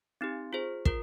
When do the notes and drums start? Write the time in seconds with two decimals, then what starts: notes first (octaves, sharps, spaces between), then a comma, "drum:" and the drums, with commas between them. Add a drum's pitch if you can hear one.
0.21 C4 D#4 G4
0.53 F4 G#4 C5
0.85 F4 A#4, drum: kick